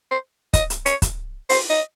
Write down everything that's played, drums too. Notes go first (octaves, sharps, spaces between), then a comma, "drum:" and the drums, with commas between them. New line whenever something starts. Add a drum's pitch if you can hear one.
C5
D#5, drum: kick, hi-hat
drum: hi-hat
C#5, drum: hi-hat
drum: kick, hi-hat
C5, drum: open hi-hat
D#5